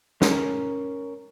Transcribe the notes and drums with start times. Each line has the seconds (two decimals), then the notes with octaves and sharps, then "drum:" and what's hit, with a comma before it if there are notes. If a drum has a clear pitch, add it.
0.22 C#4 A#4, drum: snare